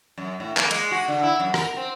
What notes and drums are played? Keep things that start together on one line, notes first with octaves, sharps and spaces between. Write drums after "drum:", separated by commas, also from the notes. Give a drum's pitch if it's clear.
F#2
A2
A#3, drum: clap
G#3, drum: cymbal
F#4
D3
E4
F#2
A#4, drum: rim click
C4